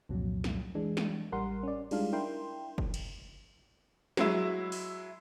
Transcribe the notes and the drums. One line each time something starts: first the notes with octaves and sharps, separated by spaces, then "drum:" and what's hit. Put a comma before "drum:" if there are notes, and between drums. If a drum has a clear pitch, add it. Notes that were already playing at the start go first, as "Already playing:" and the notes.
C2 F2 A#2 F#3
drum: snare
E3 G#3 D4
drum: snare
A1 G3 A#4 F#5 C6
C#4 D5
G3 G#3 D4 D#4 F4 F5, drum: cymbal
D4 E4 A#4 G5 C6
drum: kick
drum: cymbal
F#3 G#3 E4, drum: snare
drum: open hi-hat